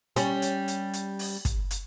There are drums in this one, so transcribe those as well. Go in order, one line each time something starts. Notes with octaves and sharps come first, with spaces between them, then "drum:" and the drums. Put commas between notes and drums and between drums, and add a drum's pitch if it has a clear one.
G3 C#4, drum: hi-hat
drum: hi-hat
drum: hi-hat
drum: hi-hat
drum: open hi-hat
drum: kick, hi-hat
drum: hi-hat